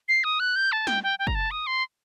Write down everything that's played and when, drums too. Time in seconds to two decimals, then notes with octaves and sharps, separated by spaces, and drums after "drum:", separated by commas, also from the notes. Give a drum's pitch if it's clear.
0.09 C7
0.24 D#6
0.40 F#6
0.56 G6
0.72 A5
0.87 G5, drum: snare
1.03 G5
1.19 G5
1.27 A#5, drum: kick
1.35 A5
1.51 D#6
1.67 C6